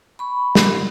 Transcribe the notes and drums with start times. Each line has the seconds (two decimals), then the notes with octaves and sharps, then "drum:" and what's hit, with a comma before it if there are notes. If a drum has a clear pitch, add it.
0.19 B5 C#6
0.55 drum: snare